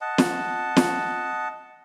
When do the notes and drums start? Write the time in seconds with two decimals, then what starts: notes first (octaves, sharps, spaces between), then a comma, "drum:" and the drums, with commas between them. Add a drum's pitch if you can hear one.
0.01 D#5 F#5 A5
0.18 drum: snare
0.77 drum: snare